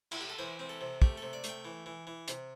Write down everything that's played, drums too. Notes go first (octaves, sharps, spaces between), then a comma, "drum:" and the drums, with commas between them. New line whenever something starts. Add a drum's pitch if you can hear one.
E4, drum: cymbal
G4
A4
E3 C5
C4
A4
C3
A3 G4, drum: kick
C3 A4
D5
A3, drum: hi-hat
G5
E3
E3
E3
C3, drum: hi-hat